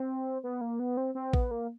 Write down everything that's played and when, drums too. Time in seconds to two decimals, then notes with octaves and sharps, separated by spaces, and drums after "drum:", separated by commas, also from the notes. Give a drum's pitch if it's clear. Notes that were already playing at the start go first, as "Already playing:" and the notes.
Already playing: C4
0.44 B3
0.61 A#3
0.79 B3
0.97 C4
1.15 C4
1.33 B3, drum: kick A1
1.51 A#3